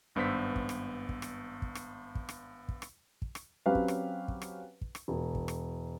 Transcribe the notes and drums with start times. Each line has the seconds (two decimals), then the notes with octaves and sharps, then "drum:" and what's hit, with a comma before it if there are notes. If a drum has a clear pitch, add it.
0.15 G#1 G2 B3 C5 E6 B6
0.56 drum: kick
0.69 drum: rim click
1.09 drum: kick
1.22 drum: rim click
1.62 drum: kick
1.75 drum: rim click
2.15 drum: kick
2.29 drum: rim click
2.69 drum: kick
2.82 drum: rim click
3.22 drum: kick
3.35 drum: rim click
3.66 F#3 C4 C#4 G4 B4 F5
3.75 drum: kick
3.88 drum: rim click
4.28 drum: kick
4.42 drum: rim click
4.81 drum: kick
4.95 drum: rim click
5.08 E1
5.35 drum: kick
5.48 drum: rim click